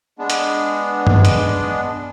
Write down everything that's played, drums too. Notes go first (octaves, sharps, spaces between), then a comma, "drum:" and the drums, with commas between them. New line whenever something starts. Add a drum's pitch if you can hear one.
G#3 B3 D4
drum: hi-hat
drum: tom G2
drum: hi-hat